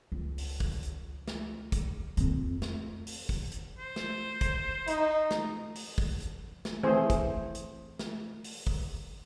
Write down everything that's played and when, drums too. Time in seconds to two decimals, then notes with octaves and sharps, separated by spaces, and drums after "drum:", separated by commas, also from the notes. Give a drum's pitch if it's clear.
0.12 C#2
0.38 drum: open hi-hat
0.60 drum: kick
0.83 drum: hi-hat
1.28 drum: snare
1.72 drum: kick, hi-hat
2.17 F2 C4, drum: hi-hat
2.62 drum: snare
3.07 drum: open hi-hat
3.29 drum: kick
3.52 drum: hi-hat
3.78 C5
3.96 drum: snare
4.41 drum: kick, hi-hat
4.87 D#4, drum: hi-hat
5.31 drum: snare
5.75 drum: open hi-hat
5.98 drum: kick
6.20 drum: hi-hat
6.65 drum: snare
6.83 E3 A3 C4 G#4 C5
7.10 drum: kick, hi-hat
7.55 drum: hi-hat
7.99 drum: snare
8.44 drum: open hi-hat
8.67 drum: kick